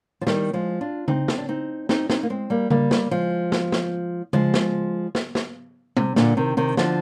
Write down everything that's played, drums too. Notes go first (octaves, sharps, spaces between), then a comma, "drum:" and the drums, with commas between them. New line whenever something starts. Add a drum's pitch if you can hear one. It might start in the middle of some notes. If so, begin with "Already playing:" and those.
F3
D#3 G3, drum: snare
F3 G#3
D4 F4
C4 D#4, drum: tom C#3
drum: snare
D4
C4 D#4
C4 D#4, drum: snare
C4 D#4, drum: snare
A#3
G#3 C4
G3 A#3
G3 A#3, drum: tom C#3
drum: snare
F3 G#3
drum: snare
drum: snare
F3 G#3, drum: tom C#3
drum: snare
drum: snare
drum: snare
C3, drum: tom G3
A#2 D3, drum: snare
C3 D#3
C3 D#3
D3 F3, drum: snare